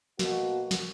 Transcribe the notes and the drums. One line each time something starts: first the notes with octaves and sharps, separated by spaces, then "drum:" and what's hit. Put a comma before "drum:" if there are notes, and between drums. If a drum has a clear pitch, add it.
B2 A#3 F#4, drum: snare
drum: snare